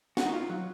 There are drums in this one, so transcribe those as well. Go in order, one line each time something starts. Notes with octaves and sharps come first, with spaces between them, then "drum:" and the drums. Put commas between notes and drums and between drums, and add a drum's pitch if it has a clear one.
F#4, drum: snare
D#4
F4
F#3